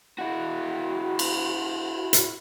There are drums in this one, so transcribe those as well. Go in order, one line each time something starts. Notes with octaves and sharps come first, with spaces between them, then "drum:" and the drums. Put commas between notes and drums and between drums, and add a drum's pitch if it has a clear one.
E4 F#4
drum: cymbal
drum: hi-hat